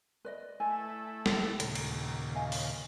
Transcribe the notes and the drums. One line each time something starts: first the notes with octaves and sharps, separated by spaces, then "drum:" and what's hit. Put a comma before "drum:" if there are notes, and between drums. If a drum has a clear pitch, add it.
B4 D5 D#5
A3 E4 G#5
drum: snare
D#2 A#2 C#3, drum: hi-hat
drum: cymbal
D#5 F5 G#5
drum: open hi-hat